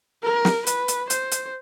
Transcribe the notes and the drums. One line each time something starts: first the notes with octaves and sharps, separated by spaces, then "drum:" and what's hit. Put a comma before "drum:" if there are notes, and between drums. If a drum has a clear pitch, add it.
A#4
drum: snare
B4, drum: hi-hat
drum: hi-hat
C5, drum: hi-hat
drum: hi-hat